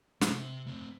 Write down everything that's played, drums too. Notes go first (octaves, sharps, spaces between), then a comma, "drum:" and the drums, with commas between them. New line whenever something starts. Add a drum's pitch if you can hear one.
C3 C5, drum: snare
A3 C4